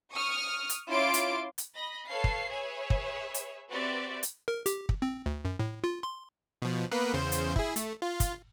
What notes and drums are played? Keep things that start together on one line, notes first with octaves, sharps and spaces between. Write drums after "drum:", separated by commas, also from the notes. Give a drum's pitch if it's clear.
C#6 D#6 F6
drum: hi-hat
C#4 E4 F4 C6 D6 D7
drum: hi-hat
drum: hi-hat
D#5 B5 A#6
A4 B4 C#5 F5 C7
drum: kick
G#4 B4 C#5 E5 G#5
drum: kick
drum: hi-hat
C4 F#4 G4 B4 D5 E5
drum: hi-hat
A#4
G4, drum: hi-hat
drum: kick
C4
D2
F#2
A2
F4
C6
B2 F3
A#3 B3 B4
E2 C#3 C5
drum: hi-hat
E4 G#4, drum: kick
A3, drum: hi-hat
F4
drum: kick, hi-hat